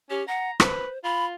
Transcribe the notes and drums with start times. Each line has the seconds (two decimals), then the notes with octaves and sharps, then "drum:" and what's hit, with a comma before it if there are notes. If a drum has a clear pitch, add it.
0.10 C#4 G4
0.28 F#5 A#5
0.60 B4 C5, drum: rim click
1.04 F4 B5